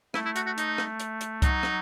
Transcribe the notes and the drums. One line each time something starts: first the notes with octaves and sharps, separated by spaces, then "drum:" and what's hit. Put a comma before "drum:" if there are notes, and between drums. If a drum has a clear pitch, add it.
A3 E4, drum: rim click
E4
F#4, drum: hi-hat
F#4
D#4, drum: hi-hat
drum: rim click
drum: hi-hat
drum: hi-hat
F#3 D#4, drum: kick C2, hi-hat
drum: rim click